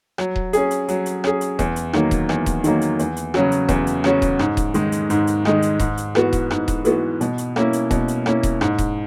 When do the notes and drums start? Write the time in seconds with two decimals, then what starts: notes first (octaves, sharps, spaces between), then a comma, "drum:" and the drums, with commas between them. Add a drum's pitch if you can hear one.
0.18 F#3, drum: rim click
0.36 drum: kick D#1
0.53 C#4 G#4, drum: hi-hat
0.71 drum: hi-hat
0.88 F#3, drum: hi-hat
1.06 drum: hi-hat
1.24 C#4 G#4, drum: rim click
1.41 drum: hi-hat
1.59 E2, drum: kick D#1, hi-hat
1.76 drum: hi-hat
1.93 D#3 F#3 A#3, drum: rim click
2.11 drum: kick D#1, hi-hat
2.29 E2, drum: rim click
2.46 drum: kick D#1, hi-hat
2.64 D#3 F#3 A#3, drum: hi-hat
2.81 drum: hi-hat
2.99 E2, drum: hi-hat
3.16 drum: hi-hat
3.34 C#3 F#3 C#4 F#4, drum: rim click
3.52 drum: hi-hat
3.69 E2, drum: kick D#1, hi-hat
3.87 drum: hi-hat
4.04 C#3 F#3 C#4 F#4, drum: rim click
4.22 drum: kick D#1, hi-hat
4.39 G#2, drum: rim click
4.57 drum: kick D#1, hi-hat
4.74 D#3 G#3 D#4, drum: hi-hat
4.92 drum: hi-hat
5.10 G#2, drum: hi-hat
5.27 drum: hi-hat
5.45 D#3 G#3 D#4, drum: rim click
5.62 drum: hi-hat
5.79 G#2, drum: kick D#1, hi-hat
5.97 drum: hi-hat
6.15 E3 B3 F#4, drum: rim click
6.33 drum: kick D#1, hi-hat
6.51 G#2, drum: rim click
6.68 drum: kick D#1, hi-hat
6.85 E3 B3 F#4, drum: hi-hat
7.21 B2, drum: hi-hat
7.38 drum: hi-hat
7.56 A#3 C#4 E4, drum: rim click
7.73 drum: hi-hat
7.91 B2, drum: kick D#1, hi-hat
8.08 drum: hi-hat
8.26 A#3 C#4 E4, drum: rim click
8.43 drum: kick D#1, hi-hat
8.61 G#2, drum: rim click
8.78 drum: kick D#1, hi-hat